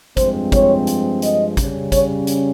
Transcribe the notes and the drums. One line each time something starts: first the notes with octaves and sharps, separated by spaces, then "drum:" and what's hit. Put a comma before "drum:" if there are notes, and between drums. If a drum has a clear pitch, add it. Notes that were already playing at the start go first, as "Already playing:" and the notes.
G2 F3 G#3 C4 C5, drum: kick, hi-hat
C#5, drum: kick, hi-hat
drum: hi-hat
D#5, drum: hi-hat
C#3 G3 C#4, drum: kick, hi-hat
C#5, drum: kick, hi-hat
drum: hi-hat